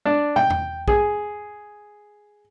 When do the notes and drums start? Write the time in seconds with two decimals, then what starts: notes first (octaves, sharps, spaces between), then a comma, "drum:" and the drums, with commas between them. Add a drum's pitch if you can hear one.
0.05 D4
0.36 G5, drum: tom
0.50 drum: tom E2
0.88 G#4, drum: kick